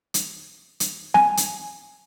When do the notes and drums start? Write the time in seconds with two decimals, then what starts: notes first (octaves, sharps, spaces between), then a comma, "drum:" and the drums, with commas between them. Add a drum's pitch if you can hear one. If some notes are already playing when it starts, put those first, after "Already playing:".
0.14 drum: hi-hat
0.80 drum: hi-hat
1.14 G#5, drum: snare
1.37 drum: hi-hat